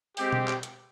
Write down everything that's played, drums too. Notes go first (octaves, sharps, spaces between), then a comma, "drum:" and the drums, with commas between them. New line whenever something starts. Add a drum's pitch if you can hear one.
G#3 C4 G4, drum: open hi-hat
drum: tom B2
drum: clap
drum: hi-hat